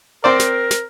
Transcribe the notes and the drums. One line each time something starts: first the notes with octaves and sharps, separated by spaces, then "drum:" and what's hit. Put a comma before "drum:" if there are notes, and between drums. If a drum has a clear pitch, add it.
C4 A#4 C5 D5
drum: snare
drum: snare